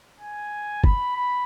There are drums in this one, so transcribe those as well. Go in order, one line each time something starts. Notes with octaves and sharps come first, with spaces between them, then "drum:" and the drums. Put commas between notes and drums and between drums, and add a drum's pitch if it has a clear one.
G#5
B5, drum: kick
B5